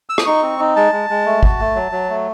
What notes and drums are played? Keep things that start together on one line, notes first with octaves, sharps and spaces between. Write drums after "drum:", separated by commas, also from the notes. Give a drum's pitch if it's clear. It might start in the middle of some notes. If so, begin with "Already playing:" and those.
E6
D#6, drum: rim click
D#4 C#6
C4
D#4
G#3 A5
G#3
G#3
A3
F#4, drum: kick G#1
A3
F#3
F#3
A3